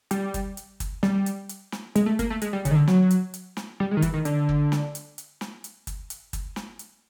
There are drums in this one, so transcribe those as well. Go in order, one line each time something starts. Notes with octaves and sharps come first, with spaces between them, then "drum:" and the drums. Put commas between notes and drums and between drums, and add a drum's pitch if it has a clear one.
G3, drum: hi-hat
drum: kick, hi-hat
drum: hi-hat
drum: kick, hi-hat
G3, drum: snare
drum: hi-hat
drum: hi-hat
drum: snare
G#3, drum: hi-hat
A3
A#3, drum: kick, hi-hat
A3
G#3, drum: hi-hat
G3
C#3, drum: kick, hi-hat
D#3
D3
F#3, drum: snare
drum: hi-hat
drum: hi-hat
drum: snare
G3
G#3
D#3
E3, drum: kick, hi-hat
D#3
D3, drum: hi-hat
drum: kick
drum: snare
drum: hi-hat
drum: hi-hat
drum: snare
drum: hi-hat
drum: kick, hi-hat
drum: hi-hat
drum: kick, hi-hat
drum: snare
drum: hi-hat